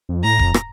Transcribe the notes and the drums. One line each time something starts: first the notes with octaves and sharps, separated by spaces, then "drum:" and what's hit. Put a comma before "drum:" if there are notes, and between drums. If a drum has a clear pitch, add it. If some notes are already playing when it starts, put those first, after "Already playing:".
F2
A2 A#5
F2, drum: kick E1
drum: rim click